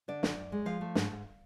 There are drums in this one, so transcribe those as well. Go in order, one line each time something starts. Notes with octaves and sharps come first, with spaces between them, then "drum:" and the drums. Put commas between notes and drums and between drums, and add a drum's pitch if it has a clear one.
D3 D5
F#2, drum: snare
F#2
G#3
F3 F5
A3
G#2, drum: snare
G#2